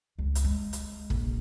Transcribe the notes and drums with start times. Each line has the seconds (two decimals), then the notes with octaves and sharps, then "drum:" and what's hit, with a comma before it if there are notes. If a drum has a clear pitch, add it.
0.19 C#2
0.35 drum: hi-hat
0.44 G#3
0.73 drum: hi-hat
1.10 A#1, drum: kick